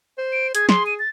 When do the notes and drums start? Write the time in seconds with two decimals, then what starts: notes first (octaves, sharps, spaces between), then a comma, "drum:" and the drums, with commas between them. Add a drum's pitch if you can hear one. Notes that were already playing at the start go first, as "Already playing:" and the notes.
0.18 C5
0.32 D7
0.55 G#4 G#6, drum: hi-hat
0.69 C6, drum: snare
0.87 D#7
0.99 A6